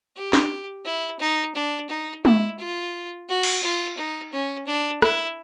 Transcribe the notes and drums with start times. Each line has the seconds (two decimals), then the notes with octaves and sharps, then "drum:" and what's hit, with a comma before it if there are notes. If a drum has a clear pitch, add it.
0.17 G4
0.33 drum: snare
0.85 E4
1.20 D#4
1.55 D4
1.89 D#4
2.25 E4, drum: tom G#3
2.59 F4
3.29 F#4
3.43 drum: cymbal
3.63 F4
3.97 D#4
4.33 C#4
4.67 D4
5.02 E4, drum: rim click